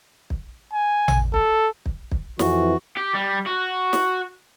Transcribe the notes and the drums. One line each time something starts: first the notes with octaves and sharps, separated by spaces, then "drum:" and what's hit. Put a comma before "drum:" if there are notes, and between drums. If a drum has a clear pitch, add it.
drum: kick
G#5
drum: tom A1
A4, drum: kick
drum: kick
drum: kick
F2 E3 F#4, drum: snare
G4
G3
F#4
drum: snare